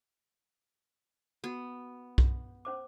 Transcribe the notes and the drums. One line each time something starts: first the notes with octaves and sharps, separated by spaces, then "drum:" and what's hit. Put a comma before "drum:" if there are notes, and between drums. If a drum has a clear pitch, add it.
B3 F#4
drum: kick B1
C#4 C5 D6